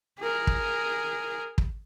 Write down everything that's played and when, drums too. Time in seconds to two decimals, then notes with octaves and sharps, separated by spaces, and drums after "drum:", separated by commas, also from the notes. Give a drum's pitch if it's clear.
0.20 G#4 A#4
0.47 drum: kick
1.58 drum: kick